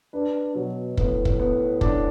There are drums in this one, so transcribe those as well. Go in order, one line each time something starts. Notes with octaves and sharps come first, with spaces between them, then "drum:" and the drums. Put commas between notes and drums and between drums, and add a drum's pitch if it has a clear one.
D4 B4
B2 F#3
A2 B3, drum: kick
drum: kick
B3
D4, drum: kick